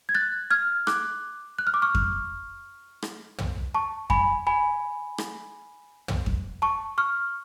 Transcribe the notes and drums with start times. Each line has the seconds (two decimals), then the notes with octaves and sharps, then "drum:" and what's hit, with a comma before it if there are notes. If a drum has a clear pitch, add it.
0.09 G#6
0.15 F#6 A6
0.50 F6 G#6
0.87 D6 F#6, drum: rim click
1.58 F#6
1.67 F6
1.74 D6
1.82 C#6 F6
1.95 drum: kick F2
3.02 drum: rim click
3.38 drum: tom
3.75 A5 C#6
4.10 G#5 B5, drum: kick F2
4.47 G#5 B5
5.18 drum: rim click
6.08 drum: tom
6.26 drum: kick F2
6.62 A5 C#6
6.98 C#6 F6